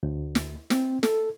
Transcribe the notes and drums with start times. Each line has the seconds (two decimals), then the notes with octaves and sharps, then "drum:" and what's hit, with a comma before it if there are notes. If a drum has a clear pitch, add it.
0.03 D2
0.35 drum: snare
0.70 C4, drum: snare
1.03 A4, drum: snare